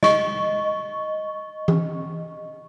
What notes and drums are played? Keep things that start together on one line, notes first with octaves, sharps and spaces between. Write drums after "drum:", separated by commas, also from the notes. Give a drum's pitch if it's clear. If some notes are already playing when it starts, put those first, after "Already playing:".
D#5 C#6, drum: snare
drum: tom E3